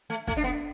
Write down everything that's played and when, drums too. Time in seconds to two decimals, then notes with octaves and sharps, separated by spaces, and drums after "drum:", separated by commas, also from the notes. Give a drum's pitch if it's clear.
0.10 A3
0.27 A3, drum: kick
0.37 D4
0.44 B3